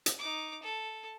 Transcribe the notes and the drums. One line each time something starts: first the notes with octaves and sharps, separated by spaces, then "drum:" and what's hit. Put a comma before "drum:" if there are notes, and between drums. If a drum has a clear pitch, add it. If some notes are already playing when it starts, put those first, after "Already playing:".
drum: hi-hat
D#4 D6
A4